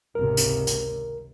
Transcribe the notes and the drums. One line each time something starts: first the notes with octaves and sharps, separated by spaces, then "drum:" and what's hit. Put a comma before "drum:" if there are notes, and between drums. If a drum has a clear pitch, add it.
G#1 C#2 C3 A#4
drum: hi-hat
drum: hi-hat